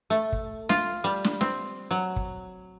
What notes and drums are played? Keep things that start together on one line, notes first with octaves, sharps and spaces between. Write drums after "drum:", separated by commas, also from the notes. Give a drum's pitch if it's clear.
A3
drum: kick
F4, drum: snare
G3
drum: snare
C4, drum: snare
F#3
drum: kick